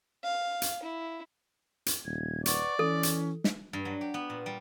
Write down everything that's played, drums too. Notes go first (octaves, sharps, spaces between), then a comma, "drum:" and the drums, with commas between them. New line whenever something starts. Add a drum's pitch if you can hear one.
F5
drum: hi-hat
E4
drum: hi-hat
D#1 G#6
B4 D5 F#5 C#6, drum: hi-hat
E3 C#4 A4
drum: hi-hat
drum: snare
G2
F#3
G4
B3
A#2
G3